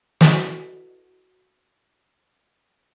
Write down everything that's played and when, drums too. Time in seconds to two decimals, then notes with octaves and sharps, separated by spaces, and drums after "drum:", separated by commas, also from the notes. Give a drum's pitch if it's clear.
0.21 E4 F#4 A4 B4 D5 D#5, drum: snare